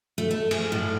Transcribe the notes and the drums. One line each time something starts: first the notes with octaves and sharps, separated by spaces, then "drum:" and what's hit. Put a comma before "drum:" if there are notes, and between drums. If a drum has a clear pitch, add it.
A3
A3
G#4, drum: cymbal
A2